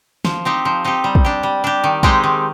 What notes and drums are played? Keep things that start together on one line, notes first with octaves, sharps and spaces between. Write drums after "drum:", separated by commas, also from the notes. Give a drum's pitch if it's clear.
F3, drum: snare
C4 D#4 G4
F3
C4 D#4 G4
G3
drum: kick
D4 G4
G3
D4 G4
D#3
G#3 C4 D#4 G4, drum: kick
D#3